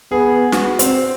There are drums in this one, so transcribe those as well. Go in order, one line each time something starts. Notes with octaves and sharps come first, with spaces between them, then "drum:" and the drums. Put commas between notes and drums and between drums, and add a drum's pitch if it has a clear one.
B3 G#4
F#4, drum: snare
C4, drum: hi-hat